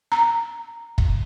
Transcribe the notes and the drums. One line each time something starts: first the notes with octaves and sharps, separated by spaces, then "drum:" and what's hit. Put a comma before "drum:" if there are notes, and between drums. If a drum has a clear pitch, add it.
A#5
drum: kick